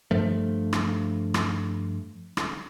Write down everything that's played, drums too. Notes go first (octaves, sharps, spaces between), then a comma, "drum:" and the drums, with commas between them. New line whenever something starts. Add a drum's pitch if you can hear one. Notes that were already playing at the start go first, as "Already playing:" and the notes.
G2 F3 A3
drum: rim click
drum: rim click
drum: rim click